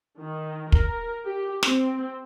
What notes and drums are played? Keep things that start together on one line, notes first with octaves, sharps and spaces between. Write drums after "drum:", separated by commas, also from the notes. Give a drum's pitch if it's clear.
D#3
A#4, drum: kick
G4
C4, drum: snare